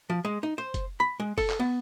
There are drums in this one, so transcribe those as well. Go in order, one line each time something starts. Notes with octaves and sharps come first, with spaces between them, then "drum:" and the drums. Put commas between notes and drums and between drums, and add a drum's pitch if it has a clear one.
F3
G#3
D#4
C5
drum: kick F#1, hi-hat
B5
G#3
A4, drum: kick F#1, open hi-hat
drum: clap
B3